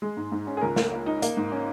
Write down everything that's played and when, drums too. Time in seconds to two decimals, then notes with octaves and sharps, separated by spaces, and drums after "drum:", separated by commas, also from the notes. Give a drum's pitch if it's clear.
0.02 G#3
0.17 G#2
0.32 G#2
0.47 C#4
0.57 G#4
0.61 C#2 A#4
0.76 A#3, drum: snare
0.92 A#3
1.06 D#4
1.22 A#3, drum: hi-hat
1.37 G#2
1.52 C#4